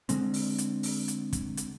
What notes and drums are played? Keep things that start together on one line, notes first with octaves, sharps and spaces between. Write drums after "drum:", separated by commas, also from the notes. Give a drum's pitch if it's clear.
D3 G#3 C4, drum: hi-hat
drum: open hi-hat
drum: hi-hat
drum: open hi-hat
drum: hi-hat
drum: kick, hi-hat
drum: hi-hat